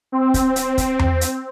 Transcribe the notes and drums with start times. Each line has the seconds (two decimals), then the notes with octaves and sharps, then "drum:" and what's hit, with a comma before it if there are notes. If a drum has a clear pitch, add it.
0.12 C4
0.34 drum: kick, hi-hat
0.56 drum: hi-hat
0.78 drum: kick, hi-hat
0.99 drum: tom E2
1.21 drum: hi-hat